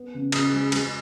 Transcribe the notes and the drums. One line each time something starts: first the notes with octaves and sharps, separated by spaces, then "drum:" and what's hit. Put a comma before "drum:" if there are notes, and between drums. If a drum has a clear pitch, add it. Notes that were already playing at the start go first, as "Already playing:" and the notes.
Already playing: B3
C#3
C#3 D#6, drum: cymbal
G#3
G#3, drum: cymbal